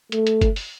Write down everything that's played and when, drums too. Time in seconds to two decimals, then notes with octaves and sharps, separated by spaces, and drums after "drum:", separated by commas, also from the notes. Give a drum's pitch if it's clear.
0.12 A3, drum: hi-hat
0.27 drum: hi-hat
0.41 drum: kick F#1, hi-hat
0.56 drum: open hi-hat